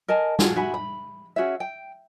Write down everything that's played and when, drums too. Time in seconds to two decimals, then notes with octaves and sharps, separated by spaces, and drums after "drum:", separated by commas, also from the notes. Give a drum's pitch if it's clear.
0.08 A#4 D#5 G#5 A5
0.39 F4 F#4 G#4, drum: snare
0.56 F#4 E5 G#5 B5
0.74 B5
1.36 C#4 F#4 G#4 E5
1.60 G5